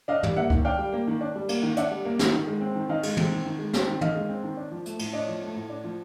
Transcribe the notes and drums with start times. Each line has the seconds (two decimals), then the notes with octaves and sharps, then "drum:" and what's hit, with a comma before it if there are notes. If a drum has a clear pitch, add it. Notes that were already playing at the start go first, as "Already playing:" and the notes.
0.08 D4 D#5 F5
0.23 G3, drum: tom
0.37 A#3 E5 F#5
0.50 D#3, drum: kick C#2
0.65 D4 F5 G5
0.78 G3
0.93 A#3
1.07 D#3
1.21 D4
1.35 G3
1.49 A#3, drum: cymbal
1.63 D#3
1.77 D4 E5 F#5, drum: hi-hat
1.91 G3
2.05 A#3
2.19 D#3, drum: snare
2.32 D#3
2.47 G#3
2.61 C4
2.75 D#3
2.89 D#3 D#5 F5
3.03 G#3, drum: cymbal
3.17 C4, drum: tom
3.31 D#3
3.46 D#3
3.59 G#3
3.73 C4, drum: snare
3.87 D#3
4.01 D#3 D#5 F5, drum: tom
4.15 G#3
4.29 C4
4.44 D#3
4.57 D4
4.71 F3
4.86 A3, drum: hi-hat
4.99 A2, drum: cymbal
5.13 D4 C#5 D#5
5.28 F3
5.42 A3
5.55 A2
5.70 D4
5.84 F3